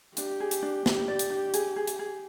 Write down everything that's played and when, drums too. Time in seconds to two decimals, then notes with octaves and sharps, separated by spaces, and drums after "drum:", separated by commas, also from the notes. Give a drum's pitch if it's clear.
0.17 D4 G4, drum: hi-hat
0.40 G#4
0.51 drum: hi-hat
0.63 D4
0.86 D4, drum: snare
1.08 D5
1.19 drum: hi-hat
1.30 D4
1.54 G#4, drum: hi-hat
1.76 G#4
1.87 drum: hi-hat
1.99 G#4